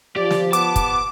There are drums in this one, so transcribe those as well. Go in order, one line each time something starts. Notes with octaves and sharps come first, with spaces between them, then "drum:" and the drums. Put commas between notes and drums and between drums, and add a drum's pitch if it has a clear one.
F3 G4 D5
drum: snare
B3 A5 D6, drum: hi-hat
drum: kick, hi-hat